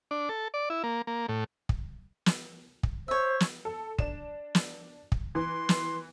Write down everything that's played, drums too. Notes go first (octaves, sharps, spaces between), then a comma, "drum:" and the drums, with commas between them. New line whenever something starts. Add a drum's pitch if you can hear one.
D4
A4
D5
E4
A#3
A#3
A2
drum: kick
drum: snare
drum: kick
C5 C#5 E5
drum: snare
A4
D4 E7, drum: kick
drum: snare
drum: kick
E3 C6
drum: snare